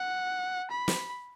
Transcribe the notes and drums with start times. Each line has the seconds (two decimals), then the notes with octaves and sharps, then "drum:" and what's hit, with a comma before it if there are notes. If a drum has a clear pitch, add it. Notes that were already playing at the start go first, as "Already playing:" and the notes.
Already playing: F#5
0.70 B5
0.88 drum: snare